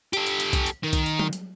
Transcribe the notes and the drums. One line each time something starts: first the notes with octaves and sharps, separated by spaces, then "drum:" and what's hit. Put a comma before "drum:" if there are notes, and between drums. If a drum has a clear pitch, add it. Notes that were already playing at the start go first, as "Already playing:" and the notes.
G4 A4, drum: hi-hat
drum: hi-hat
drum: hi-hat
drum: kick B1, hi-hat
drum: hi-hat
D#3
drum: kick B1, hi-hat
drum: hi-hat
drum: tom F#3
drum: hi-hat